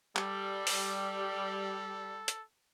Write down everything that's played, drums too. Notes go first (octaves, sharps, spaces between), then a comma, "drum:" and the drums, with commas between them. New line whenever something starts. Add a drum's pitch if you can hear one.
G3 A4, drum: clap
drum: open hi-hat
drum: hi-hat